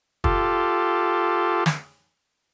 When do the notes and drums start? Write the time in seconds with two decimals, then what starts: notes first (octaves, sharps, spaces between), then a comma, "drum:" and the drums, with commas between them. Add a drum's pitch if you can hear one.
0.24 F4 G4 A4, drum: kick
1.66 drum: snare